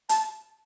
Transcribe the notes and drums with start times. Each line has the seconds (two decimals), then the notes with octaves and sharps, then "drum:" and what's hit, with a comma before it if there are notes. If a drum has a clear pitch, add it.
0.09 A5, drum: hi-hat